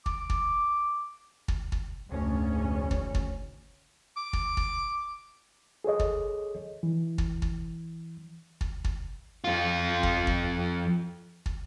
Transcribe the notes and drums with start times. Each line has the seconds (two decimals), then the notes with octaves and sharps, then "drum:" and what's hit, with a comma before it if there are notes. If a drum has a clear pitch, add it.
0.06 D6, drum: kick
0.30 drum: kick
1.48 drum: kick
1.72 drum: kick
2.09 F1 D2 G#2 C#3 C#4
2.91 drum: kick
3.15 drum: kick
4.17 D6
4.33 drum: kick
4.57 drum: kick
5.84 G#4 A4 C#5 D#5
5.99 drum: kick
6.83 E3
7.18 drum: kick
7.42 drum: kick
8.61 drum: kick
8.84 drum: kick
9.44 F2 F4
10.03 drum: kick
10.27 drum: kick
11.46 drum: kick